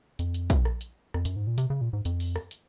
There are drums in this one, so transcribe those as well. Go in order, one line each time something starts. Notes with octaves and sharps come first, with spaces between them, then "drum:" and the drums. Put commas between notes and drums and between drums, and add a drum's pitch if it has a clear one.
F2, drum: hi-hat
drum: hi-hat
drum: kick, hi-hat
drum: rim click
drum: hi-hat
F2, drum: rim click
F#2, drum: hi-hat
G#2
A#2
C3, drum: hi-hat
C#3
A#2
G#2
F2, drum: hi-hat
drum: open hi-hat
drum: rim click
drum: hi-hat